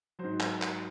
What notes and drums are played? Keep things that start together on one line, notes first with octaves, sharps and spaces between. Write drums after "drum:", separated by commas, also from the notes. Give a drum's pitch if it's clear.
G#2 F#3 C5
drum: clap
drum: clap